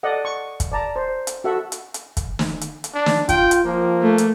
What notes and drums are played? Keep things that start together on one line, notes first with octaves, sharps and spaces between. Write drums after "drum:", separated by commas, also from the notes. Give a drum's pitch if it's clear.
A4 D5 D#5 F#5
C#6
drum: kick, hi-hat
D5 A5 A#5
C5
drum: hi-hat
F#4 A4 E5 F#5
drum: hi-hat
drum: hi-hat
drum: kick, hi-hat
drum: snare
drum: hi-hat
drum: hi-hat
D4
drum: snare
F4 G5, drum: kick, hi-hat
drum: hi-hat
F3 A#3
A3
drum: hi-hat